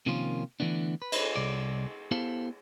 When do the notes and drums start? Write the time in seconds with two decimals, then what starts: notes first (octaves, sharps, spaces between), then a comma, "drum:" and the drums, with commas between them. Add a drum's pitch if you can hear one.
0.06 C3 D#3 F3 A#3 C#4 F4
0.60 D3 E3 A3 B3 D4
1.02 B4
1.12 drum: cymbal
1.36 C2 D5
2.11 B3 E4 G4 A4 C5 F5